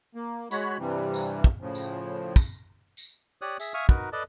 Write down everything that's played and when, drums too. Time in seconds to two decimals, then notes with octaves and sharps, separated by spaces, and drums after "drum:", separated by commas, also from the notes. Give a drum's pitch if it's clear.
0.15 A#3
0.51 G#3 F#4 C#5 B5, drum: tambourine
0.78 G2 C3 E3 G3
1.14 drum: tambourine
1.44 drum: kick
1.61 A2 C#3 F3
1.75 drum: tambourine
2.36 drum: kick, tambourine
2.97 drum: tambourine
3.42 G4 C#5 D5 D#6 F#6
3.60 G#4 E5, drum: tambourine
3.74 E5 F5 G#5 C#6 D#6 F6
3.89 D#4 F#4 A#4 B4, drum: kick
4.13 A4 B4 D5 D#5 A5